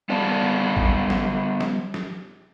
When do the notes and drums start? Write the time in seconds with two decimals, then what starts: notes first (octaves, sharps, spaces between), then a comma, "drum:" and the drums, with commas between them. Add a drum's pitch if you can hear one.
0.09 G3 B3 D5 F5 A5
0.77 drum: kick G#1
1.10 drum: snare
1.61 drum: snare
1.94 drum: snare